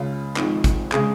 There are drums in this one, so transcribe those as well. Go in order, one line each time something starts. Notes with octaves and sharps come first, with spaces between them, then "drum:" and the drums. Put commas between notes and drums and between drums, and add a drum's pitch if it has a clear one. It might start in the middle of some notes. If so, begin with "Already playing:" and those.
Already playing: C#2 C#3 G#3 C#4 F4
G#1 G#2 F3 G#3, drum: clap
drum: kick, hi-hat
C#3 G#3 G#4, drum: clap